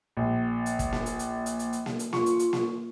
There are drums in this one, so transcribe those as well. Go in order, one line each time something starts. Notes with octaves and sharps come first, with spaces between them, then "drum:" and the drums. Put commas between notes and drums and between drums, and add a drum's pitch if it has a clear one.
A#1
drum: hi-hat
drum: kick, hi-hat
drum: snare A#3
drum: hi-hat
drum: hi-hat
drum: hi-hat
drum: hi-hat
drum: hi-hat
drum: snare A#3
drum: hi-hat
F4 C#6, drum: snare A#3
drum: hi-hat
drum: hi-hat
drum: snare A#3